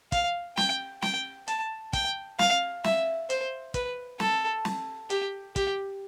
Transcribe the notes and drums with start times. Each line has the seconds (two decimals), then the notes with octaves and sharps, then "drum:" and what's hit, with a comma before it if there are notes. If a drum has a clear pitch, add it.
0.12 F5, drum: kick, hi-hat
0.57 G5, drum: snare
1.02 G5, drum: snare
1.48 A5, drum: hi-hat
1.93 G5, drum: kick, hi-hat
2.39 F5, drum: snare
2.84 E5, drum: snare
3.30 C5, drum: hi-hat
3.74 B4, drum: kick, hi-hat
4.20 A4, drum: snare
4.65 drum: snare
5.10 G4, drum: hi-hat
5.56 G4, drum: kick, hi-hat